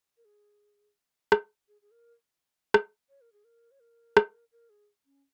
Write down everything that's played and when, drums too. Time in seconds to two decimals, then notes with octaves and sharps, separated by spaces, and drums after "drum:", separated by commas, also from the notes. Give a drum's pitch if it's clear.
0.17 A#4
0.25 G#4
1.32 drum: rim click
1.68 G#4
1.82 G#4
1.91 A#4
2.74 drum: rim click
3.09 C#5
3.21 A#4
3.33 G#4
3.44 A#4
3.71 C#5
3.81 A#4
4.17 drum: rim click
4.52 A#4
4.70 G#4
5.05 C#4